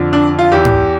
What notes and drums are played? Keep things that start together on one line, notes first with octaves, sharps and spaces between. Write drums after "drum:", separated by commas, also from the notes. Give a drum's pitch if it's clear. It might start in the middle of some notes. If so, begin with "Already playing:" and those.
Already playing: F2 D3 F3
D4
F4
E2 E3 G4
drum: tom G#2